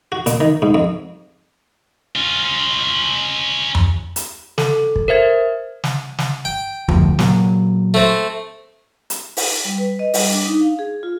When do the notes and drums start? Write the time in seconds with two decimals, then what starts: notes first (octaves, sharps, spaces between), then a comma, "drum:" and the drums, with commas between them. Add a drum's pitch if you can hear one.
0.12 F#4
0.26 A#2, drum: hi-hat
0.40 D#3
0.62 G#2
0.74 F2
2.16 C#4 F4
3.75 drum: tom F2
4.16 drum: hi-hat
4.58 A4, drum: snare
4.96 drum: kick
5.08 A#4 C5 E5 G#6
5.84 drum: snare
6.19 drum: snare
6.45 G5
6.89 G1 D2 F3, drum: tom F2
7.19 A#2 F#3, drum: snare
7.94 A3 C4
9.10 drum: hi-hat
9.37 drum: open hi-hat
9.65 G3
9.78 B4
9.99 D#5
10.14 G3, drum: open hi-hat
10.32 D4
10.46 D#4
10.61 F5
10.79 G#4
11.03 F4